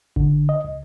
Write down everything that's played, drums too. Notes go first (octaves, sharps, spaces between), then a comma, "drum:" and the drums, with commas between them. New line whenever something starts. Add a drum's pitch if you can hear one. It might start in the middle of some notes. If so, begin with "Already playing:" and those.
D3, drum: kick G#1
D#5
C#2